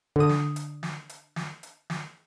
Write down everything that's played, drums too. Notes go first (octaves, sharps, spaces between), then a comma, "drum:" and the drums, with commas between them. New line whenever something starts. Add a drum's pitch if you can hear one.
D3 D#6
drum: snare
drum: hi-hat
drum: snare
drum: hi-hat
drum: snare
drum: hi-hat
drum: snare